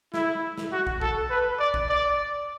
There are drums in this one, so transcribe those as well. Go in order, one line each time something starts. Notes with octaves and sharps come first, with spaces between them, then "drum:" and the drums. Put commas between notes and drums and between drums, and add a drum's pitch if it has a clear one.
E4, drum: snare
drum: snare
F#4
drum: kick
A4, drum: kick
B4
D5
drum: kick
D5